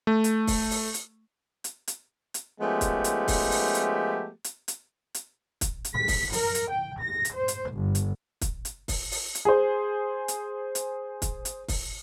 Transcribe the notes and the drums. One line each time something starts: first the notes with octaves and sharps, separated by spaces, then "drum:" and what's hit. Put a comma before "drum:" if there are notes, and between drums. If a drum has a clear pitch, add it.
A3
drum: hi-hat
drum: kick, open hi-hat
drum: open hi-hat
drum: hi-hat
drum: hi-hat
drum: hi-hat
drum: hi-hat
F3 G#3 A3 B3 C#4 G4
drum: kick, hi-hat
drum: hi-hat
drum: kick, open hi-hat
drum: open hi-hat
drum: hi-hat
drum: hi-hat
drum: hi-hat
drum: hi-hat
drum: kick, hi-hat
drum: hi-hat
B6
drum: kick, open hi-hat
A#4, drum: open hi-hat
drum: hi-hat
G5
A#6
drum: hi-hat
C5
drum: hi-hat
G1
drum: hi-hat
drum: kick, hi-hat
drum: hi-hat
drum: kick, open hi-hat
drum: open hi-hat
drum: hi-hat
G#4 C5
drum: hi-hat
drum: hi-hat
drum: kick, hi-hat
drum: hi-hat
drum: kick, open hi-hat